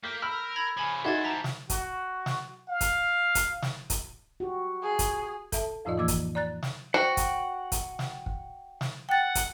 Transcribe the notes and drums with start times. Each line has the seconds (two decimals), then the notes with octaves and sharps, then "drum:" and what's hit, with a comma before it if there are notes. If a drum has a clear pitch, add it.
0.04 A#3 G6 B6
0.22 A#4 B5 E6
0.56 B5 G#6 A#6
0.77 C#3 F3 G#5 B5 G#6
1.04 C#4 D#4 E4 F#4 C5 F#5 G#6 A6
1.24 G3 C4 A5 A#5 B6
1.44 drum: snare
1.70 F#4, drum: kick, hi-hat
2.26 drum: snare
2.69 F5
2.81 drum: kick, hi-hat
3.35 drum: kick, hi-hat
3.62 drum: snare
3.90 drum: kick, hi-hat
4.40 F#4 G4
4.82 G#4
4.99 drum: kick, hi-hat
5.52 A4 E5 A5, drum: kick, hi-hat
5.85 F2 A2 F3 F4 D5 D#5
5.98 E3 A#3 D6 E6 G#6
6.08 drum: kick, hi-hat
6.35 D5 A#5 F#6 A6
6.63 drum: snare
6.94 F#4 C5 F#5 G5
7.17 drum: kick, hi-hat
7.72 drum: kick, hi-hat
7.99 drum: snare
8.26 drum: kick
8.81 drum: snare
9.09 F#5 G5 A6
9.35 drum: kick, hi-hat